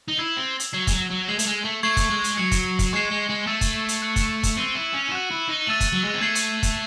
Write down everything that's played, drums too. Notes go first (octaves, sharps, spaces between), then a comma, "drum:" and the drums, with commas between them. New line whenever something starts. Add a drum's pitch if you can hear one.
D#4
E4 E6 G#6 C7 E7
C4
drum: hi-hat
F#3 G#6 C7 F#7
G#3, drum: kick, hi-hat
F#3
F#3
G#3 G#6 C7 F#7
A3, drum: hi-hat
G#3
A3
A3 C#6 G#6 C7 F#7
drum: kick, hi-hat
G#3
drum: hi-hat
F#3 G#6 C#7 F#7
drum: kick, hi-hat
drum: kick, hi-hat
G#3 C#6 G#6 C7 E7
G#3
G#3
A3 E6 A6 D#7 F#7
drum: kick, hi-hat
drum: hi-hat
F#6 C#7 F#7
drum: kick, hi-hat
drum: kick, hi-hat
C4 E6 C7 D#7 F#7
E4
C#4
E4
F#4 F#6 C#7 E7
E4
D#4
A3 E6 A6 D#7 F#7
drum: kick, hi-hat
F#3
G#3
C4
A3 G#6 C7 F#7
drum: hi-hat
drum: kick, hi-hat